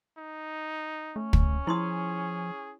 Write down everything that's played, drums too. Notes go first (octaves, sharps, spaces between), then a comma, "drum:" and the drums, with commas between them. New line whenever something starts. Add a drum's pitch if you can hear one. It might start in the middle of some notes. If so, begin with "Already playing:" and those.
D#4
A3 C#4
drum: kick
F3 E4 G#4 C6 D#6